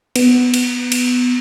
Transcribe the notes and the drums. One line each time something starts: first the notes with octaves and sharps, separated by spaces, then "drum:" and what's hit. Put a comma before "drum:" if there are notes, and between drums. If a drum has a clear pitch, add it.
B3, drum: cymbal
drum: cymbal
drum: cymbal